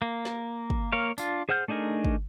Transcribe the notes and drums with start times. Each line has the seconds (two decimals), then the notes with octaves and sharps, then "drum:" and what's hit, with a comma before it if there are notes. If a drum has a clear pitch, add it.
0.02 A#3
0.25 drum: snare
0.70 drum: kick
0.92 A#3 A#4 C#5 F5
1.18 D4 F4, drum: tambourine
1.49 G#4 C5 F#5 F6 G6
1.68 A3 D4 D#4 G#4 A#4
2.04 drum: kick